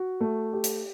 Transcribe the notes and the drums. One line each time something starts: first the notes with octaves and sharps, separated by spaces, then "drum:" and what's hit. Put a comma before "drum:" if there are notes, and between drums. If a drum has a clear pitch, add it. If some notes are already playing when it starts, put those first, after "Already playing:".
Already playing: F#4
A3
G4
drum: hi-hat